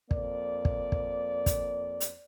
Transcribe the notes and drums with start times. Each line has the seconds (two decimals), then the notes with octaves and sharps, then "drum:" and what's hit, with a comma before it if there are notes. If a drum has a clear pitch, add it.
0.11 F2 A#3 D5, drum: kick
0.65 drum: kick
0.92 drum: kick
1.46 drum: kick, hi-hat
2.00 drum: hi-hat